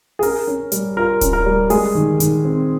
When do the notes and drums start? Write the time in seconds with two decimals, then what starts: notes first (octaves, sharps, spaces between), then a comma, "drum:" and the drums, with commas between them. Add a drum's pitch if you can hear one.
0.19 G#4
0.23 C#4 A#4, drum: open hi-hat
0.47 C#4
0.72 G3, drum: hi-hat
0.97 F4 A#4
1.21 C#4, drum: kick D1, hi-hat
1.33 A#4
1.46 G3
1.70 G#3 G#4, drum: open hi-hat
1.95 D#3
2.20 D#3, drum: hi-hat
2.45 C4